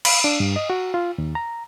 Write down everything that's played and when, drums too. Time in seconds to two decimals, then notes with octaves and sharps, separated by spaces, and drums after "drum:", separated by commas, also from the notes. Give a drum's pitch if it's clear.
0.05 B5, drum: cymbal
0.24 D4
0.40 G2
0.56 D#5
0.70 F#4
0.94 F4
1.18 D#2
1.35 A#5